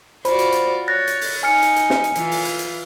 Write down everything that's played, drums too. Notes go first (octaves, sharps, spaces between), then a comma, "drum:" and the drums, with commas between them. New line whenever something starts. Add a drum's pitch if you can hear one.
F4 F#4 C5 D5 B5, drum: hi-hat
drum: hi-hat
drum: hi-hat
C#5 F#6 A6 A#6
drum: hi-hat
drum: open hi-hat
D#4 G#5 F6 C#7
drum: hi-hat
drum: hi-hat
drum: snare
drum: hi-hat
E3 F4, drum: hi-hat
drum: open hi-hat
drum: hi-hat
drum: hi-hat